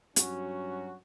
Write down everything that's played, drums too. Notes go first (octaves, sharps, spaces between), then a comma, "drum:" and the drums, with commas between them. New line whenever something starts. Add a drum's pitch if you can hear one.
G2 F#3 C#4 F#4, drum: hi-hat